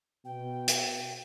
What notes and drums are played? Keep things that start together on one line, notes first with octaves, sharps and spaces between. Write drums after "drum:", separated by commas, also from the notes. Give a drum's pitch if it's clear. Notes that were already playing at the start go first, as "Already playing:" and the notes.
B2 G5
drum: hi-hat